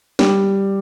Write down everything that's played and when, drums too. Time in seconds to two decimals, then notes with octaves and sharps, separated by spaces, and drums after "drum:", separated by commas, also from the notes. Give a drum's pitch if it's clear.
0.19 G3, drum: snare